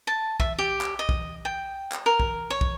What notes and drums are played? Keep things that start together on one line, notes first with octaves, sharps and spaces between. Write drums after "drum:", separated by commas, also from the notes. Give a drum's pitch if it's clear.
A5
E5, drum: kick
G4
drum: clap
D#5
drum: kick
G5
drum: clap
A#4
drum: kick
C#5
drum: kick